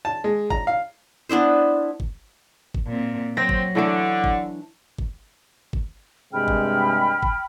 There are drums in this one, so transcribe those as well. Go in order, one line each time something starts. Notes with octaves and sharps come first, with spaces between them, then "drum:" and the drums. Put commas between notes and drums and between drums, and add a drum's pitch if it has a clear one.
A5
G#3
A#5, drum: kick G1
F5
B3 D4 E4 C5
drum: kick G1
drum: kick G1
A#2 C4
F#3 C4 A#6
drum: kick G1
D3 E3 A3 D4
drum: kick G1
drum: kick G1
drum: kick G1
G2 C3 G#3 G5 B5 F6
drum: kick G1
drum: kick G1